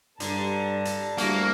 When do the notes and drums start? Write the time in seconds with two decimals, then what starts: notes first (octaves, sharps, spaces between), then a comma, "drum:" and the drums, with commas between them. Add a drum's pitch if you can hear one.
0.20 G2 D3 A5 A#5, drum: hi-hat
0.85 drum: hi-hat
1.18 D2 G3 A#3 E4 F#4, drum: hi-hat